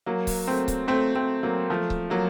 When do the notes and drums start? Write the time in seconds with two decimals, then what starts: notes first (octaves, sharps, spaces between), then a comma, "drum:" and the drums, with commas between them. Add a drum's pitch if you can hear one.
0.06 F#3 A#3
0.27 drum: kick C#1, open hi-hat
0.48 A3 C4
0.68 drum: kick C#1, hi-hat
0.88 A3 C4
1.15 A3 C4
1.43 F#3 A#3
1.70 F3 A3
1.90 drum: kick C#1
2.10 F#3 A#3